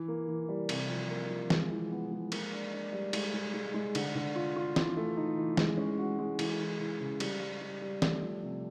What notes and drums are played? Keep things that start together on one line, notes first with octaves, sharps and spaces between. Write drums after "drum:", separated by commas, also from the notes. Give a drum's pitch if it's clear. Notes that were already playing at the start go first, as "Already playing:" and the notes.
Already playing: E3
A#3
E3
G3
C3, drum: cymbal
F3
A#3
F3
G#3, drum: snare
E3
B3
G#3
A#3, drum: cymbal
D4
D4
G3
G#3, drum: cymbal
G#3
G#3
G#3
D3, drum: cymbal
D3
F4
F4
E3, drum: snare
A3
D#4
E3
G#3, drum: snare
C#4
F#4
G#3
E3, drum: cymbal
E3
E3
C#3
G3, drum: cymbal
G3
G3
G3
A3, drum: snare
F3
C3